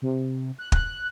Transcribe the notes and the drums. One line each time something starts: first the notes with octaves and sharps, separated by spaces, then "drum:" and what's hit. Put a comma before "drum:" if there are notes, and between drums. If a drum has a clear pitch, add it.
C3
F#6
F#6, drum: kick